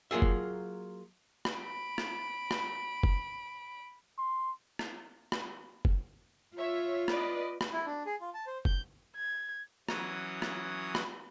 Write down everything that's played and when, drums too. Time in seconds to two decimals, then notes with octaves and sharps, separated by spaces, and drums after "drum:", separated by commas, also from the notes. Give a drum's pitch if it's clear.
0.11 F#3 A#3 F4 G#4 E5
0.22 drum: kick F#1
1.45 drum: rim click
1.57 B5 D7
1.98 drum: rim click
2.51 drum: rim click
3.03 drum: kick F#1
4.18 C6
4.79 drum: rim click
5.32 drum: rim click
5.85 drum: kick F#1
6.57 F4 C#5 E5
7.08 B4 D5 D#5, drum: rim click
7.61 drum: rim click
7.73 E4
7.86 D4
8.06 G#4
8.21 F4
8.34 A5
8.47 C5
8.65 G6, drum: kick F#1
9.15 G#6
9.89 E3 F#3 C#4 D#6, drum: rim click
10.42 drum: rim click
10.95 drum: rim click